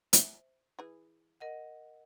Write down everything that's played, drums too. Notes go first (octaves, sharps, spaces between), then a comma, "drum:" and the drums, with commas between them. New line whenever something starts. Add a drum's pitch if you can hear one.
C5 E5, drum: hi-hat
E3 G#4
A#4 D#5 F#5